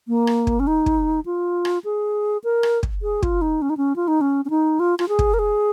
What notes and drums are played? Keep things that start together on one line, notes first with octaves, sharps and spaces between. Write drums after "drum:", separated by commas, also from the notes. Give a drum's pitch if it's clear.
A#3
drum: rim click
drum: kick
C#4
D#4
drum: kick
F4
drum: rim click
G#4
A#4
drum: rim click
drum: kick
G#4
F4, drum: kick
D#4
C#4
D#4
C#4
F4
D#4
C#4
C#4
D#4
F4
F4, drum: rim click
G#4
drum: kick
A#4
G#4